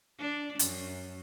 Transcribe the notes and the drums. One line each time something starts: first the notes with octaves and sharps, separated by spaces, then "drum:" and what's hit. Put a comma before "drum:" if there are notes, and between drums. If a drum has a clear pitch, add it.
D4
F#2, drum: hi-hat